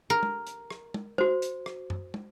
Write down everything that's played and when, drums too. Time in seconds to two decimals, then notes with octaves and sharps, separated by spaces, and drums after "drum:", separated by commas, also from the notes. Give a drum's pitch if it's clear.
0.10 A#4
0.23 drum: tom
0.47 drum: hi-hat
0.70 drum: rim click
0.94 drum: tom
1.18 F#4 C5, drum: tom
1.42 drum: hi-hat
1.66 drum: rim click
1.90 drum: tom F#2
2.14 drum: tom